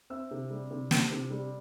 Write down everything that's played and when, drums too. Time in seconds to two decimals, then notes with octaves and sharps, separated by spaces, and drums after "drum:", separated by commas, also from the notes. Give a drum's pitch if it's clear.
0.10 C4 E5 E6
0.31 C3
0.51 G3
0.71 C3
0.91 C4, drum: snare
1.11 C3
1.30 G3